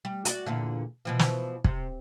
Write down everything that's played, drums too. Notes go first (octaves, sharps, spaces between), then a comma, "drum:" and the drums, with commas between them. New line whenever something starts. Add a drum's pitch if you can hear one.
G3
F#4 D5, drum: hi-hat
E2 A#2 D3
B2 E3 F3
drum: snare
C3, drum: kick